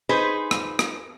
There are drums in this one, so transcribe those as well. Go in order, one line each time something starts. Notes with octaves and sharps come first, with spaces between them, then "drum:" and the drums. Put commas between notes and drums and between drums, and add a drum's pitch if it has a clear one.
D#4 G#4 B4 C5
drum: rim click
drum: rim click